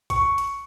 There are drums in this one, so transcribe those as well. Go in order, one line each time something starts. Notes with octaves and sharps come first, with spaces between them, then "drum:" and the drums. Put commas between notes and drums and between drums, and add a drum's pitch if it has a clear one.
C#6, drum: kick, hi-hat
drum: hi-hat